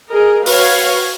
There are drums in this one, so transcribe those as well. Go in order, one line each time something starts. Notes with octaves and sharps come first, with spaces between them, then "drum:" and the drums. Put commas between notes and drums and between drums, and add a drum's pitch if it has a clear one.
G#4 A#4 D#5
F#4 B4 C#5 F5, drum: open hi-hat